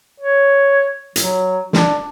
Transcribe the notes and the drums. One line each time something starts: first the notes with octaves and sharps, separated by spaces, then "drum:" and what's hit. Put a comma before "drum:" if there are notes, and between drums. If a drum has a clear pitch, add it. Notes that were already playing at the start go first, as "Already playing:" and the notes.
C#5
F#3, drum: hi-hat
D4, drum: snare